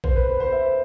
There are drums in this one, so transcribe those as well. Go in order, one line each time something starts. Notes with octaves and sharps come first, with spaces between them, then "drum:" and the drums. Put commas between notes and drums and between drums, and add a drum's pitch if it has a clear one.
C5, drum: kick A#1
B4
B4
C5
E5